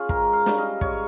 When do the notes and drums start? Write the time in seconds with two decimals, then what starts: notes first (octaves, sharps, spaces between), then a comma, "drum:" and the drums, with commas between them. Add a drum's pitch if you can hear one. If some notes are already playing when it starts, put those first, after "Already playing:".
Already playing: C#4 F4 G#4
0.09 G#2 A#4, drum: kick
0.33 F5
0.46 G3 C#4, drum: snare
0.58 D#5
0.81 G#2 C#5, drum: kick